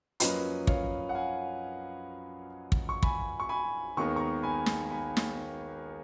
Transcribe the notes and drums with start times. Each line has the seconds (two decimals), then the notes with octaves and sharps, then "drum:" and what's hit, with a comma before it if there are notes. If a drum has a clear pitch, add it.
0.20 F#2 F3 A#3 C#4 B4 D#5, drum: hi-hat
0.67 C#5 F5, drum: kick
1.09 F#5
1.14 F5 G#5
2.72 drum: kick
2.89 C#6
3.03 G#5 B5, drum: kick
3.40 C#6
3.49 G#5 B5
3.97 D#2 D#3 G#3 B3 C#6
4.16 A#5 C#6
4.43 G#5 B5
4.66 drum: snare
4.90 G#5 B5
5.17 drum: snare